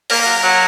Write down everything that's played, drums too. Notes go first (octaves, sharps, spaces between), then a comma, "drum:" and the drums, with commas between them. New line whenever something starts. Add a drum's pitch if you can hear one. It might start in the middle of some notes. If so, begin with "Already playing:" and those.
A#3 A#4, drum: open hi-hat
F#3
F#3